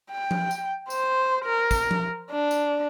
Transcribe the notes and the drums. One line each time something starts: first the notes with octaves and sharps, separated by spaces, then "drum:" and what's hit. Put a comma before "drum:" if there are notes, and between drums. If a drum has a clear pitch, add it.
G5
drum: tom F3
drum: tambourine
C5, drum: tambourine
A#4
drum: kick, tambourine
drum: tom F3
D4
drum: tambourine